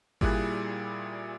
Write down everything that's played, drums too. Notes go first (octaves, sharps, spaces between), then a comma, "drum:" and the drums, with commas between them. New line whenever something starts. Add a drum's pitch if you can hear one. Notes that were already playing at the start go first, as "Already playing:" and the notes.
A#2 G3 E4 G#4 F#6, drum: kick G#1